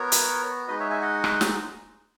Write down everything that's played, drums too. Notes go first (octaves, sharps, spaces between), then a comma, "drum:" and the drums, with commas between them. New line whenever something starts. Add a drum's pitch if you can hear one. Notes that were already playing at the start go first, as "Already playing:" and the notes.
Already playing: B3 F#4 A#4 C#5
drum: hi-hat
G#3 D#4 F#4 B4 D#5
C#5 E5
E5 G#5
D#5 F#5
drum: rim click
drum: snare